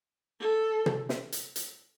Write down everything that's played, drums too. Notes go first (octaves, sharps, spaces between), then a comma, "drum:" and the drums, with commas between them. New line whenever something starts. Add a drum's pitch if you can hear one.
A4
drum: tom
drum: snare
drum: hi-hat
drum: hi-hat